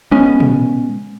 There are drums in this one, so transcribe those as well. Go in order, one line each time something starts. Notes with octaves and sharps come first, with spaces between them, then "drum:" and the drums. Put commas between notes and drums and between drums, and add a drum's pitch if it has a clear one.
G#3 B3 C#4
drum: tom A#2